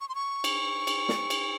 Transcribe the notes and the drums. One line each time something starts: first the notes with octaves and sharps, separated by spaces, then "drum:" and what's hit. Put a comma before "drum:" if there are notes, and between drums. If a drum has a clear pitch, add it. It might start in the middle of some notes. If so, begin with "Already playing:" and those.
C#6
C6
C#6
drum: cymbal
drum: cymbal
drum: snare
drum: cymbal